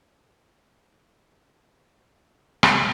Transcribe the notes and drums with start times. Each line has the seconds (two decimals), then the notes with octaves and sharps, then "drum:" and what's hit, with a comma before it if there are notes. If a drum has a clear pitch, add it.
0.58 F#6 G6 B6 C#7 D7 F7
2.63 drum: rim click